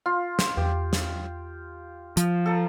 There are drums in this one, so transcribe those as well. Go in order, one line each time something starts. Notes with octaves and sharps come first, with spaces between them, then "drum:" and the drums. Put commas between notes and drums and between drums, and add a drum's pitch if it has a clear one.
F4 F5
drum: snare
E2 G4
drum: snare
F3, drum: hi-hat
A4 A#5